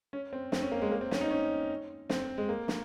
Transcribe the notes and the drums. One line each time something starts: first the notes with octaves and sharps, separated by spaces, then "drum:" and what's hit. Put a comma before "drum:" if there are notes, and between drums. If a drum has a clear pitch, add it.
C#4
C4
C4, drum: snare
C#4
A#3
G#3
A#3
C4
C#4, drum: snare
D#4
C#4
C4, drum: snare
G#3
A#3
drum: snare